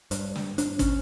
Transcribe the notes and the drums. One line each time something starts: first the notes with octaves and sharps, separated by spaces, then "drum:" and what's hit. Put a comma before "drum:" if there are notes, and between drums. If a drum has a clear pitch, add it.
G2, drum: hi-hat
drum: snare
D4, drum: hi-hat
C#4, drum: kick, hi-hat